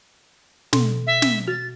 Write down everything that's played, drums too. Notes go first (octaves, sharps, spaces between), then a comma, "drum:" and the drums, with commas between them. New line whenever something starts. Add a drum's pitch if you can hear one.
B2, drum: snare
E5
drum: snare
F#4 A6